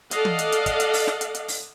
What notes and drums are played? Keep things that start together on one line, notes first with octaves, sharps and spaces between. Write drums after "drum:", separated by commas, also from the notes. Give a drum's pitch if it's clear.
A4 D5 D#5 F5 F#5, drum: hi-hat
drum: tom
drum: hi-hat
drum: hi-hat
drum: kick, hi-hat
drum: hi-hat
drum: open hi-hat
drum: snare
drum: hi-hat
drum: hi-hat
drum: open hi-hat